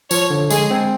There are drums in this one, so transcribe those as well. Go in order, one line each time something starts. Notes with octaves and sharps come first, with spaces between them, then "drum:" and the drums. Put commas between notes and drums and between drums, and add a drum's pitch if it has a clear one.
F3 C#5, drum: tambourine
D3
G#3 G#4, drum: tambourine
C4